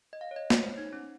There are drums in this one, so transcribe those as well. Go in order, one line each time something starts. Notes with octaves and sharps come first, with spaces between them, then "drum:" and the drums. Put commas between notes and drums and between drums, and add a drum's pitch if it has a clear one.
D#5
F5
C#5
D#5
C#5, drum: snare
C5
D#4
C#4